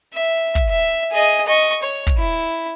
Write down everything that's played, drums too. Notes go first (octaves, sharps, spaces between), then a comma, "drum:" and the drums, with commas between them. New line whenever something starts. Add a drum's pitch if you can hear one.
E5
drum: kick
E5
G#4 D#5
D#5 C#6
C#5
drum: kick
E4